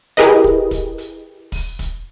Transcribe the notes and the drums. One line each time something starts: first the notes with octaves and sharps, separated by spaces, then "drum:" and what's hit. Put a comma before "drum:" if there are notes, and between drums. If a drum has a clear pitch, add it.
E4 G4 G#4 A#4 B4 D#5, drum: hi-hat
drum: kick
drum: kick, hi-hat
drum: hi-hat
drum: kick, open hi-hat
drum: kick, hi-hat